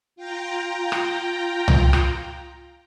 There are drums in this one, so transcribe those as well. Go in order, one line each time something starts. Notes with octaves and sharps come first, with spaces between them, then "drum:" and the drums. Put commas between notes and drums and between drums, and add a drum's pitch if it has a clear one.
F4 G5 A#5
drum: rim click
drum: tom C2
drum: rim click